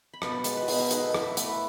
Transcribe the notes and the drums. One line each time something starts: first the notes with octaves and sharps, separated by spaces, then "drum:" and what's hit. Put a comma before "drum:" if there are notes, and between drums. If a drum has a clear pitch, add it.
B5
B2 A5, drum: rim click
G#3 A5, drum: hi-hat
B4
F#4
B2 G#4, drum: open hi-hat
F#4
D#4 G#4, drum: hi-hat
A4
E4 A4, drum: rim click
A3 B4, drum: hi-hat